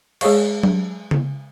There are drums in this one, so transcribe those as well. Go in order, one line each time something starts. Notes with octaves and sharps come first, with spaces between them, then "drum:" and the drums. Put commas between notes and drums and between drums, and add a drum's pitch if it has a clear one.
G#3 G#4 C#5 F5 C#6, drum: cymbal
drum: tom F#3
drum: tom C#3